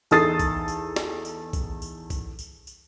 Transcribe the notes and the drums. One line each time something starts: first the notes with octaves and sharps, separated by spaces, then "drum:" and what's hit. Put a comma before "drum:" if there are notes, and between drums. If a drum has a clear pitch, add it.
E2 D#4 A4 D#6 A6 C7, drum: tambourine
drum: kick A#1, tambourine
drum: tambourine
drum: snare
drum: tambourine
drum: kick A#1, tambourine
drum: tambourine
drum: kick A#1, tambourine
drum: tambourine
drum: tambourine